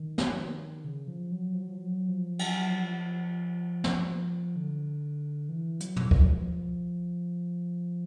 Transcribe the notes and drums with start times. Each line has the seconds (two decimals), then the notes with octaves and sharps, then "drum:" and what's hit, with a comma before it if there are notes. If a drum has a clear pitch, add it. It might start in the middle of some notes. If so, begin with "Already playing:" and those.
Already playing: D#3
0.18 drum: snare
0.84 C#3
1.07 F3
1.31 F#3
1.54 F3
1.62 F#3
1.69 F3
1.77 F#3
2.08 F3
2.39 F#3, drum: cymbal
2.70 F3
3.84 drum: snare
4.56 D3
5.49 E3
5.80 F#3, drum: hi-hat
5.96 drum: tom
6.11 F3, drum: kick
6.42 F3